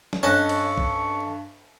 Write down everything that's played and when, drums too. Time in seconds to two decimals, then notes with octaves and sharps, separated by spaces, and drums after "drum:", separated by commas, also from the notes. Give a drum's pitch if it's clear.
0.13 drum: snare
0.23 G2 C#4 A4 D#5 C#6 F#6
0.49 drum: cymbal
0.78 drum: kick B1